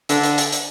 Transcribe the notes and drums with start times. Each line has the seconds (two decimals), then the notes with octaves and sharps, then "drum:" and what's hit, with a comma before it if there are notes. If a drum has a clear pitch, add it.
0.09 D3, drum: hi-hat
0.23 drum: hi-hat
0.38 drum: hi-hat
0.52 drum: hi-hat